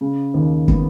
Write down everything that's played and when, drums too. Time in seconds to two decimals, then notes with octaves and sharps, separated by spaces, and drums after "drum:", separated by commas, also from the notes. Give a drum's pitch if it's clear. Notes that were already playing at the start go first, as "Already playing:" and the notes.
0.01 C#3
0.34 D#2
0.68 B3, drum: kick